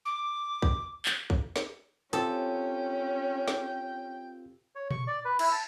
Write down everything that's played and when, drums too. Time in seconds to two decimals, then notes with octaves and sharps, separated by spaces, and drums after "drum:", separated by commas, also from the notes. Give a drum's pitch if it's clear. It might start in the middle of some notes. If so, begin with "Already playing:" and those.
0.05 D6
0.62 drum: kick
1.05 drum: clap
1.30 drum: kick
1.56 drum: snare
2.13 C4 C#4 F4 G4 A4 G5, drum: hi-hat
3.48 drum: snare
4.75 C#5
4.91 C#6, drum: tom A#2
5.07 D5
5.25 B4
5.39 E4, drum: cymbal
5.52 A5